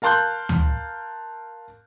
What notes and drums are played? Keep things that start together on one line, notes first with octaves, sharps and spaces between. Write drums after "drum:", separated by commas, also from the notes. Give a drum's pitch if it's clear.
A#4 F5 A5 C6 F#6 G6
drum: tom D2